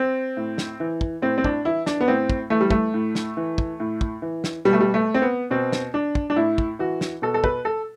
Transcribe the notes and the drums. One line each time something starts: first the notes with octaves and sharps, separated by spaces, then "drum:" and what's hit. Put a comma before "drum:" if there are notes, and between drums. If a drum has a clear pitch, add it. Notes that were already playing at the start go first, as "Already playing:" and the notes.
Already playing: C4
A2
drum: snare
E3
drum: kick
A2 C4
C4
D4, drum: kick
E3 E4
D4, drum: snare
B3
A2 C4
drum: kick
E3 A3
G3
A3, drum: kick
A2
drum: snare
E3
drum: kick
A2
drum: kick
E3
drum: snare
B2 G3
A3
G3
A3
C4
B3
B2 C4
drum: snare
D4
drum: kick
D4
A2 E4
drum: kick
E3 F#4
drum: snare
B2 A4
A4
B4, drum: kick
A4